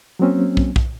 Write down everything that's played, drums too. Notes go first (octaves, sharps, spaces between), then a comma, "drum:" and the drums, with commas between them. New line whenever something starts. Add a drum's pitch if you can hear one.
F#3 A#3 C4 C#4
drum: kick
drum: kick